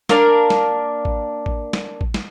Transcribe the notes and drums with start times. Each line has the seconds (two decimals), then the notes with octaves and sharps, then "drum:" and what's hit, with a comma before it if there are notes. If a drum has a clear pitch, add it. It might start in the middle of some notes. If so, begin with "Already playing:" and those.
0.09 A#3 D4 A#4 D5, drum: snare
0.50 drum: snare
1.05 drum: kick A1
1.46 drum: kick A1
1.73 drum: snare
2.01 drum: kick A1
2.14 drum: snare